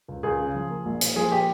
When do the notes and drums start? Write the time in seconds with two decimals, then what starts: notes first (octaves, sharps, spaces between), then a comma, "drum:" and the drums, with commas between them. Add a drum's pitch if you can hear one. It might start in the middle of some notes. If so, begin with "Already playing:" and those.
0.08 C#2
0.23 C#2 G#4
0.39 C#3
0.55 F3
0.70 A#3
0.86 A#1
1.01 A#2, drum: hi-hat
1.16 F3 G#4
1.32 A#3 G4